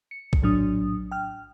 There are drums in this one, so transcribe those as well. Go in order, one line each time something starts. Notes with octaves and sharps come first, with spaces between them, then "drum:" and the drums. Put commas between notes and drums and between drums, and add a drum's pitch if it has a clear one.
C#7
drum: kick
A#1 A2 F#3 D4 D#6
G5 F6